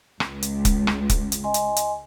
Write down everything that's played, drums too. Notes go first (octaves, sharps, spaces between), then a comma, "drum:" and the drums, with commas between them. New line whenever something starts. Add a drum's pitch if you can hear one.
C#2, drum: rim click
drum: hi-hat
drum: kick, hi-hat
drum: rim click
drum: kick, hi-hat
drum: hi-hat
D#5 G#5 C6
drum: hi-hat
drum: hi-hat